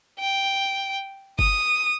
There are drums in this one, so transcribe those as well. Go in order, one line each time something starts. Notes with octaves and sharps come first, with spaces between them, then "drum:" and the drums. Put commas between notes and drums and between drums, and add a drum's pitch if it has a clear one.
G5
D#6, drum: kick G1